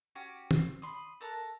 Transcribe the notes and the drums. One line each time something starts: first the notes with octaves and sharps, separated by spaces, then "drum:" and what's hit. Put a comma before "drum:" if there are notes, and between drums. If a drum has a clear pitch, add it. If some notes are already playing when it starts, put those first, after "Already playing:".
C#4 F#4 G4
C4, drum: tom
B5 C6 D#6
A4 A#4 A5 F#6